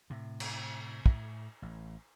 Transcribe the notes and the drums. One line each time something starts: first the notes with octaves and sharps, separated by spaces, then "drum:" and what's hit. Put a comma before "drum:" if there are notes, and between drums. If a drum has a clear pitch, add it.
A2 C3
drum: cymbal
A2, drum: kick
A1